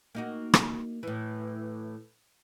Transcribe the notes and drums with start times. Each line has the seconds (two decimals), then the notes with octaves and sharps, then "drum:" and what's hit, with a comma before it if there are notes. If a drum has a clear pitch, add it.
0.15 A#3 D#4 F#4
0.54 drum: rim click
1.03 A2 E3